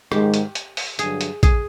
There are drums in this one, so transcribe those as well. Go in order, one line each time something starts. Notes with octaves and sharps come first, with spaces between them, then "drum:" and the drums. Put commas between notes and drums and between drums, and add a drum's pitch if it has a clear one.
G#2 D#3 G#3 G4, drum: rim click
drum: hi-hat
drum: hi-hat
drum: open hi-hat
G2 D3 F#3 G#4, drum: hi-hat
drum: hi-hat
G#4, drum: kick, hi-hat